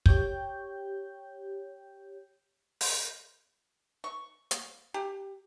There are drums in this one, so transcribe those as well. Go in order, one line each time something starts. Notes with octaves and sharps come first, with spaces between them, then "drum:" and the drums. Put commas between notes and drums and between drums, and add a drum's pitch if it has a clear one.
G4 C#5 G5 G6, drum: kick
drum: open hi-hat
C#6
drum: hi-hat
G4